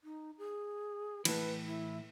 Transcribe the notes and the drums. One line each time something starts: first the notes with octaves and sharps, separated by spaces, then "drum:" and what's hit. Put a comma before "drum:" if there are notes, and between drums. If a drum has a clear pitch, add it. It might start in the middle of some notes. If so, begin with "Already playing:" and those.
D#4
G#4
A2 E3 B4, drum: cymbal
E4